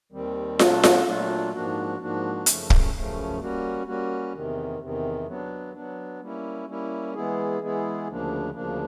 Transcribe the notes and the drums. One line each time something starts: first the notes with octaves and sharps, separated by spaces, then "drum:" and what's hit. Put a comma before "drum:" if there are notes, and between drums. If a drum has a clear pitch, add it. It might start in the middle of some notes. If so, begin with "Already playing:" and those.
D#2 D#3 G3 C4
A#2 F#3 A3 D4 F4, drum: snare F4
drum: snare F4
A#2 F#3 A3 D4 F4
G#2 F3 A#3 D4 F#4
G#2 F3 A#3 D4 F#4
F#2 C#3 F3 A3 C#4, drum: hi-hat
drum: kick
F#2 C#3 F3 A3 C#4
G3 A#3 C#4 F#4
G3 A#3 C#4 F#4
E2 C3 D#3
E2 C3 D#3
F#3 B3 D4
F#3 B3 D4
G3 A#3 C#4 E4
G3 A#3 C#4 E4
E3 G#3 B3 E4 G#4
E3 G#3 B3 E4 G#4
D2 C#3 F3 A#3 D4
D2 C#3 F3 A#3 D4